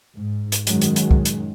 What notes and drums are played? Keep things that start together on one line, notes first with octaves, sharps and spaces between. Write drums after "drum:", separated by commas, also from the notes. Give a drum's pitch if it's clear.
G#2
drum: hi-hat
F#2 D#3 F#3 G#3, drum: hi-hat
drum: hi-hat
drum: hi-hat
drum: kick
drum: hi-hat